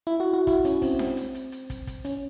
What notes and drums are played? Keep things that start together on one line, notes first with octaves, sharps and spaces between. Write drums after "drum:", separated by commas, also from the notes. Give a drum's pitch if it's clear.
E4
F#4
F#4
E4, drum: kick, hi-hat
C#4, drum: hi-hat
C4, drum: kick, open hi-hat
C4, drum: snare D4
drum: hi-hat
drum: hi-hat
drum: hi-hat
drum: kick, hi-hat
drum: kick, hi-hat
C#4, drum: hi-hat